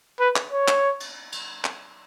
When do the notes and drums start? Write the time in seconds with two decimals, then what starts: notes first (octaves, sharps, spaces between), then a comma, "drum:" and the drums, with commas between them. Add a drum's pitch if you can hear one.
0.20 B4
0.36 drum: clap
0.52 C#5
0.68 drum: clap
1.00 drum: cymbal
1.32 drum: cymbal
1.64 drum: clap